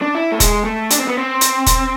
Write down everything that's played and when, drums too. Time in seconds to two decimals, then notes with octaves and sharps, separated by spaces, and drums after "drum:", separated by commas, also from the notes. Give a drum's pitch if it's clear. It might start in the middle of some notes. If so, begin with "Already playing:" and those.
0.02 D4
0.15 E4
0.32 A3
0.40 G#3, drum: kick, hi-hat
0.64 A3
0.91 D4, drum: hi-hat
1.00 C4
1.08 B3
1.18 C4
1.41 drum: hi-hat
1.67 drum: kick, hi-hat